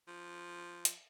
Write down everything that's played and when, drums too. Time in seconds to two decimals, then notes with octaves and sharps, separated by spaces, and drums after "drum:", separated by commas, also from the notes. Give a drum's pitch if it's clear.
0.08 F3
0.85 drum: hi-hat